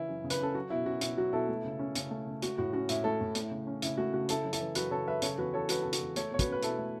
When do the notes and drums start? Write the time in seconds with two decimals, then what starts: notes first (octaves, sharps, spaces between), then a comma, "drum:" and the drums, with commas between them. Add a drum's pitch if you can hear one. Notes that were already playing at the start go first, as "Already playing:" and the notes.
Already playing: C#3 E3 C#4 E4
0.09 F#2
0.24 C#3
0.30 B4, drum: hi-hat
0.40 C#4 A4
0.55 F#3 F#4
0.70 B2 E4
0.86 C#4 F#4
1.01 B2 E4, drum: hi-hat
1.17 F#3 F#4
1.33 B2 E4 A4
1.49 A3
1.65 C#3
1.79 C#4
1.95 C#3, drum: hi-hat
2.11 A3
2.27 C#3
2.42 A3 F#4, drum: hi-hat
2.58 A2 F#4
2.73 C#4 F#4
2.89 A2 E4, drum: hi-hat
3.04 A3 E4 A4
3.21 A2
3.35 A3, drum: hi-hat
3.51 C#3
3.67 C#4
3.82 C#3 E4, drum: hi-hat
3.97 A3 F#4
4.13 C#3 F#4
4.29 C#3 E4 A4, drum: hi-hat
4.44 F#2
4.53 E4 A4, drum: hi-hat
4.60 E3
4.75 F#2 F#4 B4, drum: hi-hat
4.91 C#3 A4 C#5
5.07 F#2 B4 E5
5.22 C#3 A4 C#5, drum: hi-hat
5.38 E2 F#4 B4
5.54 E3 A4 C#5
5.69 E2 F#4 B4, drum: hi-hat
5.82 C#3 A4
5.93 F#4, drum: hi-hat
6.01 E2
6.16 A3 A4 C#5, drum: hi-hat
6.31 B2 C#5
6.39 F#4 B4, drum: kick, hi-hat
6.47 C#4
6.52 B4
6.63 B2 E4 A4, drum: hi-hat
6.79 A3